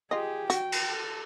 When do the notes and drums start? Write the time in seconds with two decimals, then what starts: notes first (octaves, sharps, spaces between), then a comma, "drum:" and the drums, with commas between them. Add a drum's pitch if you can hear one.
0.11 F4 G4 G#4 D#5
0.50 F#4 G5, drum: hi-hat
0.72 drum: cymbal
0.88 A4